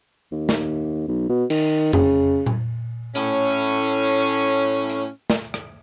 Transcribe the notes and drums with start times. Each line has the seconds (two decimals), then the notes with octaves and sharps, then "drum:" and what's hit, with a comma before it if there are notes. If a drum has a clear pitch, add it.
0.32 D#2
0.49 drum: snare
1.08 B1
1.29 B2
1.50 D#3, drum: cymbal
1.93 C#3, drum: tom F2
2.46 drum: tom A#2
3.15 A2 C#4, drum: hi-hat
4.89 drum: hi-hat
5.30 drum: snare
5.54 drum: rim click